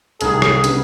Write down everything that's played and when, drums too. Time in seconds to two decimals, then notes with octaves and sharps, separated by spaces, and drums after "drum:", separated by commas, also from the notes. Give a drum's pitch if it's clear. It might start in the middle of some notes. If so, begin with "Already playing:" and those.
0.21 C2 C3 D#3 G#4, drum: hi-hat
0.42 drum: rim click
0.64 C#3 E3 G3 B3, drum: hi-hat